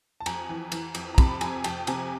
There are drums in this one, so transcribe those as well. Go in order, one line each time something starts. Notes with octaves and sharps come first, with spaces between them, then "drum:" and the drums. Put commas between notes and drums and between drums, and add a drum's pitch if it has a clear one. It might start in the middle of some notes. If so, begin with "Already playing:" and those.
A5
F2 G#5 A#5, drum: cymbal
E3
E3, drum: cymbal
F2, drum: cymbal
A#5
C3 A5 B5, drum: kick, cymbal
F2 G#5 A#5, drum: cymbal
F2 G5 A5, drum: cymbal
C3 G#5 A#5, drum: cymbal